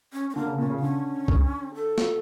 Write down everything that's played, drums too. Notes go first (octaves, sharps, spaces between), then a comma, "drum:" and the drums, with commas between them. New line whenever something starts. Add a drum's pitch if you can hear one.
C#4
C#4
D3 A#3
C#3
A#2 C#4
C#3
D4
D3 C#4
drum: kick
A4
drum: snare